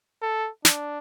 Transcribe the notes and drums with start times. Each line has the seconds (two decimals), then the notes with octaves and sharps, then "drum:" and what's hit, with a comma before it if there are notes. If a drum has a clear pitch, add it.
0.22 A4
0.65 D4, drum: snare